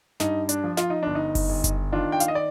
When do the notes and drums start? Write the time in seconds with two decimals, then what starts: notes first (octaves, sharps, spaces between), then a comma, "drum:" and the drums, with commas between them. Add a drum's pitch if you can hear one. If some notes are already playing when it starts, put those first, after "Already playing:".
0.20 G2 D#4, drum: snare
0.49 D4, drum: hi-hat
0.64 F3
0.77 F4, drum: snare
0.90 D#4
1.03 G1 D4
1.15 D#4
1.35 drum: kick F#1, open hi-hat
1.49 G1
1.64 drum: kick F#1, hi-hat
1.92 D#3 D4 F4
2.12 G5
2.20 F5, drum: hi-hat
2.28 D#5
2.35 D5